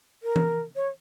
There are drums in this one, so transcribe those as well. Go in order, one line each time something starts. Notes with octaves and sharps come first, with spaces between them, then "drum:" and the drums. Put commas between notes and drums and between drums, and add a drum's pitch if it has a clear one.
A#4
drum: tom E3
C#5